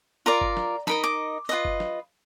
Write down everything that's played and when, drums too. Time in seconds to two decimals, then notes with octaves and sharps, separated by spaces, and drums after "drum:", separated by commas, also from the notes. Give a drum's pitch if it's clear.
0.26 F4 A#4 D5 A#5
0.41 drum: kick F#1
0.57 drum: snare
0.87 D#4 A#4 D#5 B5, drum: snare
1.04 D6
1.49 F4 B4 D#5
1.65 drum: kick F#1
1.80 drum: snare